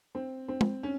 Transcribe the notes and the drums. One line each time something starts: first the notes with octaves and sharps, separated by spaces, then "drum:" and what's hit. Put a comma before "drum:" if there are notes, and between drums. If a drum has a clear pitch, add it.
C4
C4
drum: tom
C#4